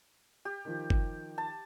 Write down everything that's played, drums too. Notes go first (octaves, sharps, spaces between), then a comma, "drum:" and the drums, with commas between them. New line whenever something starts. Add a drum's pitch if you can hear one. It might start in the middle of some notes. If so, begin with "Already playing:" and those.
G4
D#3 F3
drum: kick
A5